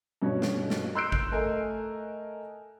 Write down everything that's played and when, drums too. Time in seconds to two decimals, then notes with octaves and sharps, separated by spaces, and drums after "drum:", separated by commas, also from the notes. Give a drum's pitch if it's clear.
0.22 G2 B2 C#4
0.42 drum: snare
0.70 drum: snare
0.95 C6 E6 F#6 G6 C7 D7
1.12 drum: kick G#1
1.31 A3 A4 A#4 D#5 G#5